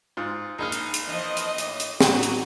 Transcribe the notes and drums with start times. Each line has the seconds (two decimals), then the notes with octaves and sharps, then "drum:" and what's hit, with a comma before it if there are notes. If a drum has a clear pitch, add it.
0.17 G#2 F4
0.58 A#1 D#4 G#4 F6
0.72 drum: hi-hat
0.94 drum: hi-hat
1.07 E3 F3 D#5
1.37 drum: hi-hat
1.58 A2, drum: hi-hat
1.80 drum: hi-hat
2.01 E3 F#3 D#4 F#4, drum: snare
2.23 drum: hi-hat